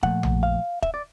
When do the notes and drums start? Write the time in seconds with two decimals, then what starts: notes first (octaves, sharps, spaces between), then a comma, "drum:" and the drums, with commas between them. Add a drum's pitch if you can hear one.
0.03 A#2 F3 A3 F#5, drum: kick
0.23 drum: tom A#1
0.43 F5
0.83 E5, drum: kick
0.94 D5